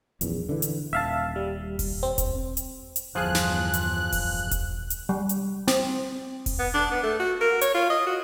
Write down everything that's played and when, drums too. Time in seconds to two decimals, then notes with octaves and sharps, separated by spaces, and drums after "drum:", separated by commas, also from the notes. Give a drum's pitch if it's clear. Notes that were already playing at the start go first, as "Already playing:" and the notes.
0.21 D#1 A#1 E2, drum: hi-hat
0.49 D3 E3
0.62 drum: hi-hat
0.93 D#1 E5 F5 A5
1.36 G3
1.79 drum: kick E1, open hi-hat
2.03 C4
2.18 drum: kick E1, hi-hat
2.57 drum: hi-hat
2.96 drum: hi-hat
3.15 G1 E2 F3 F4 G#4 F#6
3.35 drum: snare
3.74 drum: hi-hat
4.12 drum: kick E1, open hi-hat
4.51 drum: kick E1, hi-hat
4.90 drum: hi-hat
5.09 G3
5.29 drum: hi-hat
5.68 C4, drum: snare
6.46 drum: kick E1, open hi-hat
6.59 B3
6.74 D4
6.91 B3
7.03 A3
7.19 F#4
7.41 A#4
7.61 C#5, drum: hi-hat
7.74 F4
7.90 D#5
8.06 F#4